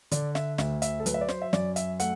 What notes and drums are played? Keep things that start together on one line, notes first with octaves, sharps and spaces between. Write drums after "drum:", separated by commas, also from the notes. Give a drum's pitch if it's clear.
D3 D5, drum: hi-hat
E5, drum: snare
D2 E5, drum: snare
E5, drum: hi-hat
A4
F#3 B4, drum: hi-hat
E5
D5
C5, drum: snare
E5
F#2 D5, drum: snare
E5, drum: hi-hat
A3 F#5, drum: hi-hat